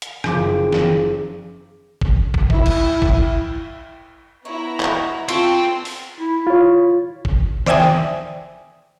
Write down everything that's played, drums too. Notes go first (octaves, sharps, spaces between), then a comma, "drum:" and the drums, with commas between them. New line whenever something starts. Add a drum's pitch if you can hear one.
drum: hi-hat
F#1 F3 D6, drum: rim click
drum: snare
drum: kick
drum: kick
E4, drum: kick
drum: cymbal
drum: kick
B3 E4 C#5 A#5
F#4 D#5, drum: clap
C4 F4 A4 E5 C6 C#6 E6, drum: cymbal
drum: open hi-hat
E4
F4 C#5
drum: kick
C5 D5 E5 G5 G#5 D#6, drum: snare
drum: snare